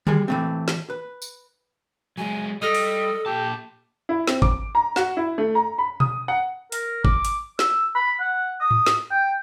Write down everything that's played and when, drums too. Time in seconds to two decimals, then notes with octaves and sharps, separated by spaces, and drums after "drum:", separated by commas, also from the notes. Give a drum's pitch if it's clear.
0.07 G3 G#4 G#5, drum: tom D3
0.28 E3 A3 C4
0.68 drum: snare
0.90 B4
1.22 drum: tambourine
2.18 F#3 G#3 G#5
2.62 G3 A4 D#5 D#6 F6 A#6
2.75 drum: open hi-hat
3.26 A#2 G4 A5
4.09 E4
4.27 C4, drum: snare
4.42 D6, drum: kick G#1
4.75 A#5
4.96 F#4, drum: snare
5.17 E4
5.38 A3
5.55 A#5
5.78 B5
6.00 D#6, drum: tom B2
6.28 F#5
6.72 A#4, drum: hi-hat
7.05 D6, drum: kick G#1
7.25 drum: hi-hat
7.59 E6, drum: snare
7.95 B5
8.20 F#5
8.61 D#6
8.71 drum: tom G#2
8.86 drum: snare
9.11 G5